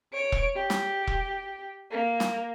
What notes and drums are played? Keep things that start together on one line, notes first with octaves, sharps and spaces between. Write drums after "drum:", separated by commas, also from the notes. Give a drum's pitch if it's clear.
C#5 D7
drum: kick E1
G4
drum: snare
drum: kick E1
A#3
drum: snare